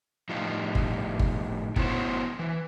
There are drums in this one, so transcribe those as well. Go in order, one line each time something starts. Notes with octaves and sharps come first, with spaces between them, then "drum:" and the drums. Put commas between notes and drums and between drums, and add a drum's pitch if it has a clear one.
A2 F3 G3 D#4 F4
drum: kick G1
drum: kick G1
B3 E4 F#4 G4 C5 C#5, drum: kick G1
E3